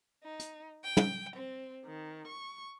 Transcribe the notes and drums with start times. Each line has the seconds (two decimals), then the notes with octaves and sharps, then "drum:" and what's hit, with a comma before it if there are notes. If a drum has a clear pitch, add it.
0.23 D#4
0.39 drum: hi-hat
0.84 G5
0.97 drum: tom
1.35 C4
1.85 D#3
2.27 C#6